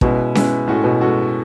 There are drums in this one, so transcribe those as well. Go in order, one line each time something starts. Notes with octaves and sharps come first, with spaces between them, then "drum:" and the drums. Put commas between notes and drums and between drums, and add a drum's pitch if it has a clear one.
B2 G#3 C#4 E4 B4, drum: kick
G#3 C#4 E4 B4, drum: snare C#4
A2 G#3 C#4 F#4 A4
B2
G#3 C#4 F#4 A4